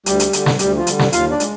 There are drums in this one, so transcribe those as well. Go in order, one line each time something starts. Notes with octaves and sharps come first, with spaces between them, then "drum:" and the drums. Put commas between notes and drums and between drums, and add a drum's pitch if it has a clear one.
D2 G3 G4, drum: hi-hat
drum: hi-hat
D3 G3, drum: hi-hat
drum: snare
D2 G3 G4, drum: hi-hat
F3 F4
D3 G3, drum: hi-hat
drum: snare
D#2 F4 F5, drum: hi-hat
D4 D5
G#3, drum: hi-hat